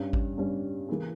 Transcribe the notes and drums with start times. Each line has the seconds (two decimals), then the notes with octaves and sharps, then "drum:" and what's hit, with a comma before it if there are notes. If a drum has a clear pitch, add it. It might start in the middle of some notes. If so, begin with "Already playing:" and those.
Already playing: G2 G3 C#4
0.13 drum: kick G#1
0.38 G2 G3 C#4
0.89 E3 A#3 E4 G#4